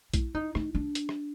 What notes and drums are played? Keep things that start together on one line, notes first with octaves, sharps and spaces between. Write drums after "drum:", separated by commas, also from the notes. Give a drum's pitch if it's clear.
E4, drum: kick A#1, hi-hat
D#4
D#4, drum: rim click
D4
drum: hi-hat
drum: rim click